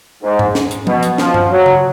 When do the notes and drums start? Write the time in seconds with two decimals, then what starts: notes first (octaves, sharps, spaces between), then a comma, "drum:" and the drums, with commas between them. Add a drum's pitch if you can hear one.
0.23 G#2
0.39 drum: tom G#2
0.55 drum: snare
0.71 drum: hi-hat
0.87 B2, drum: tom F3
1.03 drum: hi-hat
1.18 F3, drum: snare
1.34 drum: tom G2
1.51 F#3
1.66 drum: tom C#3